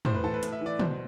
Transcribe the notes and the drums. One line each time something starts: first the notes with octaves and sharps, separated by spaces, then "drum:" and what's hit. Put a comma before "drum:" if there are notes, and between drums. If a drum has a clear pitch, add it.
A2 C5, drum: tom
B4
E3 A4
B4
A2, drum: hi-hat
E5
E3 D5
B2 C5, drum: tom